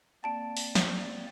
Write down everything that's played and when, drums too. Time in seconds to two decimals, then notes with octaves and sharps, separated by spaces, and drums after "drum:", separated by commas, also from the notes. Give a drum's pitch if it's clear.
0.24 A#3 C4 D5 A5 D7
0.57 drum: open hi-hat
0.75 drum: snare